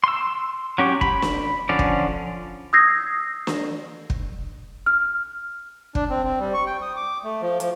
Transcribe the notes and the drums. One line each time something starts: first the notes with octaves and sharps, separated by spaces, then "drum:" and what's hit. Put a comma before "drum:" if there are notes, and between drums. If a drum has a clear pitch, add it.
C6 E6
F#3 C#4 G4
B5, drum: kick
drum: snare
D3 F3 C#4 D5
drum: kick
D#6 E6 G6 G#6 A#6 C7
drum: snare
drum: kick
F6
D4, drum: kick
C4
C4
G3
C#6
G5
D#6
D6
A3
F3
F3, drum: hi-hat